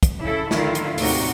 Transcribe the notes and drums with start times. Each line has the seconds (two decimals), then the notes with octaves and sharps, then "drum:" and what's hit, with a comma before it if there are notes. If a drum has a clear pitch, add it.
0.03 drum: kick, hi-hat
0.22 C#3 E4 A4
0.51 D3 D#3 E4 F4, drum: snare
0.75 drum: hi-hat
0.98 D#2 A2 C3 D#4 F#4, drum: open hi-hat